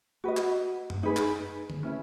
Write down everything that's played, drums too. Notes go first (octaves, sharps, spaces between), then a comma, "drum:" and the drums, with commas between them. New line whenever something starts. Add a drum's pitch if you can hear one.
F#4 B4 D#5
drum: clap
drum: tom F#2
D#4 G#4 B4
drum: clap
drum: tom D3
C#4 E4 B4